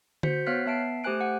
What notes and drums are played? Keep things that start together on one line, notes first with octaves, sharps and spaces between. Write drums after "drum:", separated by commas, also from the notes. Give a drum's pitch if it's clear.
F#4 C5 G6 B6 C#7, drum: tom D3
B3 C#5 F5 F6 F#6 B6
B3 E5 A5 C7 D7
A3 G4 C5 G#5 F#6 D7
F#5